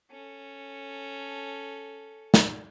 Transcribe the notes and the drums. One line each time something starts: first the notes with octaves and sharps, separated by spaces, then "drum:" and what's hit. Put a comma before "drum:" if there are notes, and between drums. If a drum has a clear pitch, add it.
C#4 A4
drum: snare